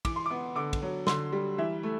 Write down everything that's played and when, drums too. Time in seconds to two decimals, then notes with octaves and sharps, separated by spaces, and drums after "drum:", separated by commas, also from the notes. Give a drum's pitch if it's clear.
0.05 E3 D6, drum: kick, cymbal
0.16 C6
0.26 D6
0.31 B3
0.56 D3 D6
0.73 drum: kick, cymbal
0.82 F#3
1.07 D3 C6, drum: snare
1.32 G3
1.58 E3 E5
1.83 A3